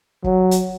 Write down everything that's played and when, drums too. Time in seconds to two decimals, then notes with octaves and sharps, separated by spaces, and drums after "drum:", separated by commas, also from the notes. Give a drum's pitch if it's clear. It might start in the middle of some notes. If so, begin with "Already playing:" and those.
0.24 F#3, drum: kick
0.51 drum: hi-hat